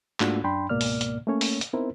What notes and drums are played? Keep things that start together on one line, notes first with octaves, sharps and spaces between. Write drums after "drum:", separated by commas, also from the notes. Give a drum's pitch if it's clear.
G#2 A3 A#3 D4 F4 F#4, drum: clap
F#2 D4 G5 B5 C6
C#2 G#2 B2 A#3 D5 F6
drum: open hi-hat
drum: hi-hat
A3 A#3 C#4 C#5
drum: open hi-hat
drum: hi-hat
B3 C4 D#4 E4 A#4 C5